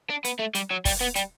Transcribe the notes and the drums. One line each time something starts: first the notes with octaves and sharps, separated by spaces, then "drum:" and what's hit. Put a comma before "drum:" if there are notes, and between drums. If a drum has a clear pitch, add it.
D4
B3, drum: hi-hat
A3
G3, drum: hi-hat
F#3
G3, drum: kick, open hi-hat
B3
G3, drum: hi-hat